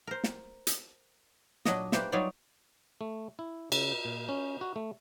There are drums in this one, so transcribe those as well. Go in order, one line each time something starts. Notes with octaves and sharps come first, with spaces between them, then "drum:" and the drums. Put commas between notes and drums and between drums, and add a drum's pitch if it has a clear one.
A#4 C5
drum: snare
drum: hi-hat
A#2 F#3 D4 D#5, drum: snare
A#3 G4 B4 C5 E5, drum: snare
F#3 G3 D#4 F4 C#5 D5
A3
E4
C#3, drum: cymbal
A#2
C#4
F#4
A3